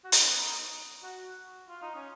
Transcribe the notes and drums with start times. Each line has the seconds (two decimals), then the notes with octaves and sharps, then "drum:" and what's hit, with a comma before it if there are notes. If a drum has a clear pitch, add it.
0.04 F#4
0.12 D#4, drum: hi-hat
0.21 C#4
0.29 B3
0.37 D#4
1.03 F#4
1.69 F4
1.82 D#4
1.95 C#4